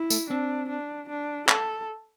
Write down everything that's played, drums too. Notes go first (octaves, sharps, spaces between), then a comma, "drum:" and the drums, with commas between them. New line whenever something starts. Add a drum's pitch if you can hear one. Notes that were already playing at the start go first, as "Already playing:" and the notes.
Already playing: E4
A3, drum: tambourine
C4 D4
D4
D4
A4, drum: clap